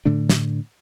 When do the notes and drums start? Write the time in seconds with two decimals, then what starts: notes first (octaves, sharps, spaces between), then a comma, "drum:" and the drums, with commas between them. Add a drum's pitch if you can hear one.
0.05 A2 D3 A3 D4
0.29 drum: snare